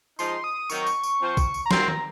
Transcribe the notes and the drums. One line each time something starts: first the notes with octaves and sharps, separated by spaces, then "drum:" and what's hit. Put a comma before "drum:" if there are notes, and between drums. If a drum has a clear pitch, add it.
F3 G#3 D#4 C6, drum: tambourine
D#6
D#3 F#3 C4 D#4 C#6, drum: tambourine
drum: tambourine
drum: tambourine
F3 C4 F4 C5
drum: kick A#1, tambourine
drum: tambourine
A#5
D#3 F#3 C4 F4 A#4 C6, drum: snare
A#5, drum: tom D#3